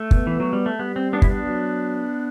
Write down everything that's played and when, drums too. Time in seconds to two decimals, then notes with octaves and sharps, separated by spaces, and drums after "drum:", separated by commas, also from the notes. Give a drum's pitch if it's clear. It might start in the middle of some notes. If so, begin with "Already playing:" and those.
Already playing: A3
0.11 B3, drum: kick
0.27 E3
0.40 F#3
0.53 G3
0.66 A3
0.79 G3 B3
0.96 C4
1.13 B3 D4
1.22 E4, drum: kick
1.30 B3 D4
1.47 F#3